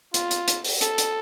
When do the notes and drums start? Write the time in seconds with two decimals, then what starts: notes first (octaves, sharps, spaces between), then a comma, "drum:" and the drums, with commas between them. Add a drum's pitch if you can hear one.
0.14 F4, drum: hi-hat
0.31 drum: hi-hat
0.48 drum: hi-hat
0.65 drum: open hi-hat
0.81 A4, drum: hi-hat
0.98 drum: hi-hat